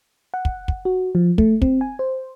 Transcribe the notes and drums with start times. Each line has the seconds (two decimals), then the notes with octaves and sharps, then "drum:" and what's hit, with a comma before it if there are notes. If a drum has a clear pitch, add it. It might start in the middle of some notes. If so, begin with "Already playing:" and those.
0.34 F#5
0.45 drum: kick
0.68 drum: kick
0.85 F#4
1.15 F3
1.38 A3, drum: kick
1.62 C4, drum: kick
1.81 G#5
1.99 C5